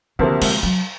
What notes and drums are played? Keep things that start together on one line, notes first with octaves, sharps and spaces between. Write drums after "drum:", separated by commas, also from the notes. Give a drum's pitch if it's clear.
D2 C3 D#3 F3 A#3
G#3, drum: cymbal
F#3